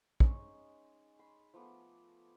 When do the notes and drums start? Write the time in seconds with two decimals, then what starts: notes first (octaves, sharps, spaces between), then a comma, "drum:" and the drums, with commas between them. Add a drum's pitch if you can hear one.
0.20 G#3 C#4 D#4 C#6, drum: kick
1.19 B5 C6
1.54 F3 A3 B3 D6